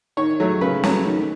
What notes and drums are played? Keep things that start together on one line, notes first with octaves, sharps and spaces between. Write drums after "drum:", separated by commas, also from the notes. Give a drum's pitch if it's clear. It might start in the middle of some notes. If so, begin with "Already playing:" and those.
D#3 C#5
F#3 A3
C#3 B4
F#3 A3, drum: snare
D#3